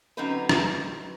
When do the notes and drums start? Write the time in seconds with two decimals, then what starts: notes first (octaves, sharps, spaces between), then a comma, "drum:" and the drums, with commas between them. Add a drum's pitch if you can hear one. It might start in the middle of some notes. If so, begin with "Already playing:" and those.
0.17 D3 F#3 C4 C#4 D#4 B4
0.49 drum: rim click